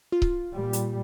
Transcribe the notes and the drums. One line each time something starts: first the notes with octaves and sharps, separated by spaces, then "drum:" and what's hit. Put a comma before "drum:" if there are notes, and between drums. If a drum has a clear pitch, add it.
F4
drum: kick C#1
A#2 G3
drum: hi-hat